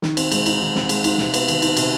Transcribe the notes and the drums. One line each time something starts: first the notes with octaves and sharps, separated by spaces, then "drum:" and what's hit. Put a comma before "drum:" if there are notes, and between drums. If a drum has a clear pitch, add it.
D#3, drum: snare
C4, drum: cymbal
G#3, drum: cymbal
D#4, drum: cymbal
D#3
C4, drum: snare
G#3, drum: cymbal
D#4, drum: cymbal
C3, drum: snare
B3, drum: cymbal
D#3, drum: cymbal
D#4, drum: cymbal
C3, drum: cymbal